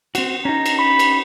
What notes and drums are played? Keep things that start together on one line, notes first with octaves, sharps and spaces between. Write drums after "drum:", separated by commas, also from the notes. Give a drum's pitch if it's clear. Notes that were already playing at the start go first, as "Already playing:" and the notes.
C4 F#4, drum: cymbal
C#4 D#4 A#5
drum: cymbal
B5
drum: cymbal